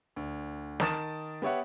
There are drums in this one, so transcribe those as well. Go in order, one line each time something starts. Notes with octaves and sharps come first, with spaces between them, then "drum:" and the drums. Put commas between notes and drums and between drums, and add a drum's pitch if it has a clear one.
D2
D#3 A#4 A5 D#6 A6 E7, drum: snare
B3 G4 C#5 E5 F#5